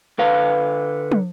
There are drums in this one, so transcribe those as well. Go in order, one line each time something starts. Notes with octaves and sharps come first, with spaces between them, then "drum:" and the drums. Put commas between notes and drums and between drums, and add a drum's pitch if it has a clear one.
D3 B4 F5
drum: tom